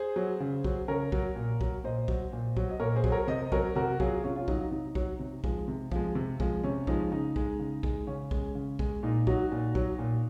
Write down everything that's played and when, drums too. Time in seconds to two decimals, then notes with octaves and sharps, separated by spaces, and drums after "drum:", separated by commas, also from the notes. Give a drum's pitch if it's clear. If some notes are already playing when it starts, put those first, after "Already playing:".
Already playing: G#4 C5
0.16 F#3
0.40 C#3
0.64 F#3, drum: kick
0.88 C#3 A#4 C#5
1.12 F#3, drum: kick
1.36 A#2
1.61 F#3, drum: kick
1.84 A#2 C5 D#5
2.08 F#3, drum: kick
2.33 A#2
2.57 F#3, drum: kick
2.70 D#5
2.80 A#2 A#4 C#5
2.96 G#4 C5
3.04 F#3, drum: kick
3.12 A#4 C#5
3.28 C3 C5 D#5
3.52 F#3 A#4 C#5, drum: kick
3.75 C3 F#4 A#4
4.00 F#3 F4 G#4, drum: kick
4.24 C3 C#4 F4
4.36 C#4 F4
4.48 F#3 D#4, drum: kick
4.60 D#4
4.71 C3 D#4
4.95 F#3, drum: kick
5.19 C3
5.44 F3 G#3, drum: kick
5.68 C3
5.92 F3 G#3, drum: kick
6.15 C3
6.40 F3 G#3, drum: kick
6.63 C3 C#4
6.87 F3 G#3 D#4, drum: kick
7.12 C#3 D#4
7.36 G#3, drum: kick
7.59 C#3
7.83 G#3, drum: kick
8.07 C#3 C#4
8.31 G#3, drum: kick
8.55 C#3
8.79 G#3, drum: kick
9.03 A#2 D#4
9.27 F#3 D#4 F#4, drum: kick
9.52 A#2
9.75 F#3, drum: kick
9.99 A#2